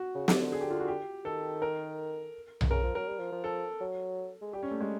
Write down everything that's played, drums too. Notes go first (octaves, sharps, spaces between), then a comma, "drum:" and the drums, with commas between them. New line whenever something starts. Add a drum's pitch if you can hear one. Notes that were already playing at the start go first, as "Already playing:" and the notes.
Already playing: F#4
C#3
D3, drum: snare
D3
G#4
G4
F4
F#4
G4
D#3 A4
A#4
drum: tom B1
C#3 A#4
F3
F#3 A#4
G3
F3
F3
A4
F#3
G#3
G3 G4
C#4
A3
G#3